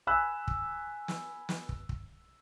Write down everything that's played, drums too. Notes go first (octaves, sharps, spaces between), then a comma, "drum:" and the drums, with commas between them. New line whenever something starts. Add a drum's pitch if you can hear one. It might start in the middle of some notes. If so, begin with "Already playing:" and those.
G#5 B5 E6 F#6
drum: kick
drum: snare
drum: snare
drum: kick
drum: kick